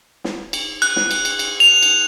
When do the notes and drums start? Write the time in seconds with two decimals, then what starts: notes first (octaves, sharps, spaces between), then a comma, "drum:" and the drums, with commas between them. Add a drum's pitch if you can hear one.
0.24 drum: snare
0.53 drum: cymbal
0.82 F#6, drum: cymbal
0.96 drum: snare
1.11 drum: cymbal
1.25 drum: cymbal
1.39 drum: cymbal
1.60 F7
1.82 drum: cymbal